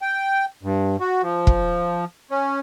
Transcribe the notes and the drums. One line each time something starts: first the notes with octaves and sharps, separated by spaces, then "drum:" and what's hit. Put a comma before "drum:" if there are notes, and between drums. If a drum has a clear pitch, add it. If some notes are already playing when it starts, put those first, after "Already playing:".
G5
G2
F#4
F3
drum: kick
C#4